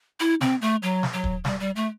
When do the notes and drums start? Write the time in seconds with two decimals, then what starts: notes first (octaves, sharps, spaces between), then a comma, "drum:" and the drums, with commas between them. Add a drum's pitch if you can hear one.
0.20 E4
0.41 C4, drum: snare
0.61 A3
0.82 F#3
1.03 drum: snare
1.13 F#3
1.24 drum: kick
1.45 G3, drum: snare
1.60 G3
1.76 A3